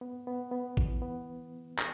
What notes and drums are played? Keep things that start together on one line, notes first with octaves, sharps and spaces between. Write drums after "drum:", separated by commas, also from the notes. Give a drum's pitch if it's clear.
B3
B3
B3
E3, drum: kick
B3
drum: clap